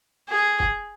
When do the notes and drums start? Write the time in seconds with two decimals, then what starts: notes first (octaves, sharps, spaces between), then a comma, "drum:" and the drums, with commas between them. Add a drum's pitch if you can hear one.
0.29 G#4
0.60 drum: kick F1